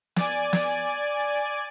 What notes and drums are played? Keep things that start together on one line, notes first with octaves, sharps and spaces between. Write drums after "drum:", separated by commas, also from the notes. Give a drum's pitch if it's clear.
D5 G#5, drum: snare
drum: snare